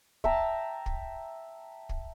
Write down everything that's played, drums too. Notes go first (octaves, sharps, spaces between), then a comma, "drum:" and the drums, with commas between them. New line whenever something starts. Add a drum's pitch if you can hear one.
E5 G5 A5 A#5, drum: kick
drum: kick
drum: kick